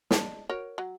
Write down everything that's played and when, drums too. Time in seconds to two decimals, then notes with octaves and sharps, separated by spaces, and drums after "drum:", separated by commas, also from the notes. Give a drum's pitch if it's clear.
0.11 G#3 D4, drum: snare
0.49 F#4 A#4 C#5
0.78 F#3